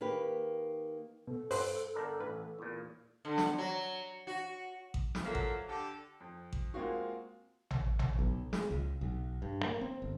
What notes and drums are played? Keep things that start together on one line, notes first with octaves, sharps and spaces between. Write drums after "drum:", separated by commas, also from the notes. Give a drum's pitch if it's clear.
D#3 A#3 G4 B4
B2 A4
G2 B4 C5 F#6, drum: open hi-hat
G1 D4 A#4
A1 B4
E2 A#2
D3
drum: snare
F#3
F#4
drum: kick A1
drum: snare
F3 F#3 A#3 A4 E5
drum: kick A1
D3 G4 A4
F2
drum: kick A1
G#3 A#3 C4 F4 F#4
drum: tom A1
drum: tom A1
B1
G#3, drum: snare
C#2
B1
G2
A#3
C4
G1